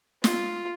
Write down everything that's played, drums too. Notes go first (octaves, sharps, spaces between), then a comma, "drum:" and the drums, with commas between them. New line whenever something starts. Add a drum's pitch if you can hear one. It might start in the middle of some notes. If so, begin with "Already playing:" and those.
F4, drum: snare